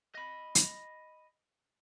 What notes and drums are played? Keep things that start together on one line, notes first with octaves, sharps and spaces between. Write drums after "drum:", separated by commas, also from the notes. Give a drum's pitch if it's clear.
D#5 B5
drum: hi-hat